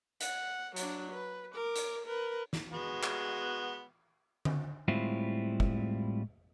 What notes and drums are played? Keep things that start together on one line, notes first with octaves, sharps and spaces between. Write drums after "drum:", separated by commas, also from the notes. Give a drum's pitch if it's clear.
F#5, drum: hi-hat
F#3 D4, drum: hi-hat
B4
A#4 D6
drum: hi-hat
A#4 B4
drum: snare
G#3 B3 F#4
drum: clap
drum: tom D3
A2 G3 G#3 C4 E4 F4
drum: kick F#1